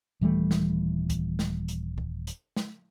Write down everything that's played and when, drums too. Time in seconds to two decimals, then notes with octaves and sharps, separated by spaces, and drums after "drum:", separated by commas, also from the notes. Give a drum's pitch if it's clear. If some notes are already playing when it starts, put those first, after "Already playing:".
0.21 D#1 E3 G3 A3
0.51 drum: snare
1.10 drum: kick, hi-hat
1.39 drum: snare
1.68 drum: hi-hat
1.98 drum: kick
2.27 drum: hi-hat
2.56 drum: snare